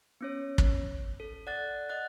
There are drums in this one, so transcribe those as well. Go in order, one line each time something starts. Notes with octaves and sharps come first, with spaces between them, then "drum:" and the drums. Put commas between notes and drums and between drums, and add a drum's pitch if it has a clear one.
B3 C#4 C#5
drum: kick
A4
D5 F#5 F#6 A6
D#5 F#5 F#6 A6